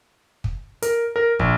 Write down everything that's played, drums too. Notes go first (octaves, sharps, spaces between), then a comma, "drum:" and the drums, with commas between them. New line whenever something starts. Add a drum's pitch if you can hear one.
drum: kick
A#4, drum: hi-hat
A#4
A#1, drum: kick